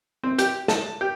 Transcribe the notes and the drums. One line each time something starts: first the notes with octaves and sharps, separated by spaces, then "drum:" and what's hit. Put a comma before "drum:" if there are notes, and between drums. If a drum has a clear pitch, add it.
C4
G4, drum: hi-hat
A5, drum: snare
G4